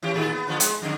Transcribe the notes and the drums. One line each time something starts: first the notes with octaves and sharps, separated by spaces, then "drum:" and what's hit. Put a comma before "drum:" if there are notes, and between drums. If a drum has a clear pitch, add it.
E3 C#4 G4
A2 D#3 G#4
B3
D3 F3 B3
G#3, drum: hi-hat
F2 D3